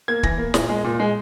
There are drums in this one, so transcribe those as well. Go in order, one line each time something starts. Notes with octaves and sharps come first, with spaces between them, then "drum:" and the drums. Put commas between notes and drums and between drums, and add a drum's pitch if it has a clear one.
A#3 G#6
E3 A#6, drum: kick
A#3
A#2, drum: snare
G#3
A#2
G#3